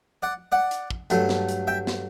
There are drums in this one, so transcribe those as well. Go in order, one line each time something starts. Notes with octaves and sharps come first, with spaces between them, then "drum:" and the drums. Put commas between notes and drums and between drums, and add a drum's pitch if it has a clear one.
D5 F#5
D5 F#5
drum: hi-hat
drum: kick
G2 F#3 A3, drum: hi-hat
drum: snare
drum: hi-hat
E5 G5
drum: snare